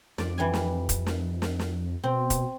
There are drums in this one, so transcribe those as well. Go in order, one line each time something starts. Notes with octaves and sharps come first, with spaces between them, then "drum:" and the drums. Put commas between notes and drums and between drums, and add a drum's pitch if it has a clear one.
F2 D5, drum: snare
E3 G3 G#5
drum: snare
drum: kick, hi-hat
drum: snare
drum: snare
drum: snare
B2 C4
drum: kick, hi-hat